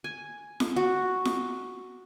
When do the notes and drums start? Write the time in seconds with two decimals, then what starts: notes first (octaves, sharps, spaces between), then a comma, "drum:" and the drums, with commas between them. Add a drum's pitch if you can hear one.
0.04 G#5
0.60 drum: snare
0.76 F#4
1.25 drum: snare